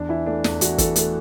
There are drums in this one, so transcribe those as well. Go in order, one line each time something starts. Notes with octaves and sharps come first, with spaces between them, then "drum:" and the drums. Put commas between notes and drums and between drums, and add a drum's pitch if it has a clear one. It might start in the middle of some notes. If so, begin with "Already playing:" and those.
Already playing: E2 D4
E3 E4
A3 D4
E2 D4, drum: snare
E2 F#4, drum: hi-hat
E3 A4, drum: kick, hi-hat
A3 A4, drum: hi-hat